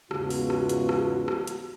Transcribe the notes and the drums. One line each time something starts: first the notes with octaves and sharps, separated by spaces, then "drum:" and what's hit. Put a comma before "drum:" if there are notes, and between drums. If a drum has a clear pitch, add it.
E2 G#2 C#3 B3 F4 F#4, drum: rim click
drum: open hi-hat
drum: rim click
drum: hi-hat
drum: rim click
drum: rim click
drum: hi-hat